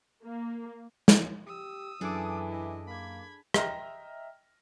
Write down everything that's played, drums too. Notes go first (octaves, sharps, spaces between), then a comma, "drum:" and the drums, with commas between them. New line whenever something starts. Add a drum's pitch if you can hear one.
A#3
drum: snare
G4 D#6 E6
F#2 E3 D4 G#4 A4 D6
E4 D#5
A#3 B5 G#6
D#5 E5 G5 A#5 F6 A#6, drum: rim click